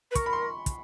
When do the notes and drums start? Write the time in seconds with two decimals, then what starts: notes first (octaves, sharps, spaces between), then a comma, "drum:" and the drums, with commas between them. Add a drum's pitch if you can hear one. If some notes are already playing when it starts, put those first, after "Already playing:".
0.11 B4
0.15 A#4 C#6, drum: kick, hi-hat
0.26 B5
0.33 C6
0.66 drum: kick, hi-hat